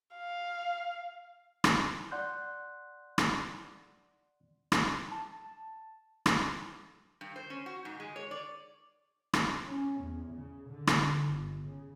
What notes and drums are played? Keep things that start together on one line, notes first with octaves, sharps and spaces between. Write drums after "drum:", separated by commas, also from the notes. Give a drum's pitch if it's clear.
F5
drum: rim click
D5 F#5 C6 F#6 G6
drum: rim click
drum: rim click
A5
drum: rim click
G2
C5
C#4
F#4
G#2
G#3
C#5
D5
drum: rim click
C#4
E2
C#3
D3
drum: rim click
G1
C#3